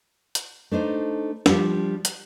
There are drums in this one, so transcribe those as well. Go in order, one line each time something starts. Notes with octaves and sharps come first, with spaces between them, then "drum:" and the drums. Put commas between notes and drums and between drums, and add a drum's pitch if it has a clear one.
drum: hi-hat
A3 D4 D#4 C5
F3 G3 D4 F4 G4, drum: snare
drum: hi-hat